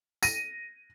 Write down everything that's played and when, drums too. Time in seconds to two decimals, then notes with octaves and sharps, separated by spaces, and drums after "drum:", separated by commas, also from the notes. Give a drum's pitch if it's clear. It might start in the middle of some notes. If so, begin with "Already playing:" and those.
0.23 A#6 D#7, drum: tambourine